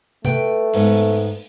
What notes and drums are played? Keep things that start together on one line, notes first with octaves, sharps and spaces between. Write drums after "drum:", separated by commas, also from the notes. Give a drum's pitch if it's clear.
A3 B4 G5, drum: tom
G#2 B3, drum: open hi-hat